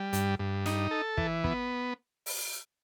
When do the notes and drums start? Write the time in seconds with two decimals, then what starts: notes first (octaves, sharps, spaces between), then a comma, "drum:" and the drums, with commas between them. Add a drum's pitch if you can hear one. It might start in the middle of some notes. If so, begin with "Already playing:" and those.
Already playing: G3
0.13 G2, drum: hi-hat
0.39 G2
0.66 D#4, drum: snare
0.91 A4
1.17 E3, drum: kick
1.44 B3, drum: kick
2.26 drum: open hi-hat